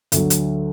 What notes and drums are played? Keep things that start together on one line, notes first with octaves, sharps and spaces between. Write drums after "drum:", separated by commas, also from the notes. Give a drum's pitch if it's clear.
D2 D3 F#3, drum: hi-hat
drum: hi-hat